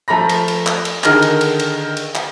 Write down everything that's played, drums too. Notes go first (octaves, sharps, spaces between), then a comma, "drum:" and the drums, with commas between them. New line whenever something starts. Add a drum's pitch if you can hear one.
F3 A3 A#5 B5 A#6
drum: cymbal
drum: cymbal
drum: clap
drum: cymbal
D3 D#3 G#4 A#4 F6 A#6, drum: clap
drum: cymbal
drum: cymbal
drum: cymbal
drum: cymbal
drum: clap